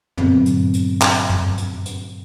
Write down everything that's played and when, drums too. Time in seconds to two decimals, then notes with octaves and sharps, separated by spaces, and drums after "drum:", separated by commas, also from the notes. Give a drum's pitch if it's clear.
0.18 G2 A#2 D3 F#3 B3 C4, drum: tom
0.46 drum: hi-hat
0.74 drum: hi-hat
1.02 drum: clap
1.30 drum: tom
1.58 drum: hi-hat
1.86 drum: hi-hat